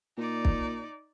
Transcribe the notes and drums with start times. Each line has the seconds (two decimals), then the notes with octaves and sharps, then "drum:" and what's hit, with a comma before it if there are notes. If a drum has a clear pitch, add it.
0.18 A#2 D#4 D5
0.45 drum: kick